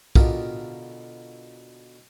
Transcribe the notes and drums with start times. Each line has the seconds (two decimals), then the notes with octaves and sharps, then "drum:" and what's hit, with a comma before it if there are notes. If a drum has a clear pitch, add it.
0.15 B2 D3 F4 G4 A#4 D#6, drum: kick